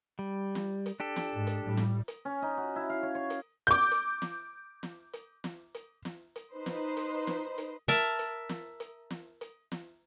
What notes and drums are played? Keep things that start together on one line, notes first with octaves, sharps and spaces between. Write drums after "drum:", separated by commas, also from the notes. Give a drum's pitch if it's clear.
G3
drum: snare
drum: hi-hat
D4 G4 A4
drum: snare
G#2
drum: hi-hat
A2 G3
drum: snare
drum: hi-hat
C#4
D#4
F#4
E4
F5
C#5
C#5
drum: hi-hat
D6 G6
drum: hi-hat
drum: snare
drum: snare
drum: hi-hat
drum: snare
drum: hi-hat
drum: snare
drum: hi-hat
D#4 B4 C5
drum: snare
drum: hi-hat
drum: snare
drum: hi-hat
A#4 E5 A5, drum: snare
drum: hi-hat
drum: snare
drum: hi-hat
drum: snare
drum: hi-hat
drum: snare